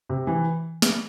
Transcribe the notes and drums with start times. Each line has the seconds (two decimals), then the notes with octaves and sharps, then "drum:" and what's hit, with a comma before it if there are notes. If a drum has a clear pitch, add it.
0.09 C3
0.27 E3
0.82 drum: snare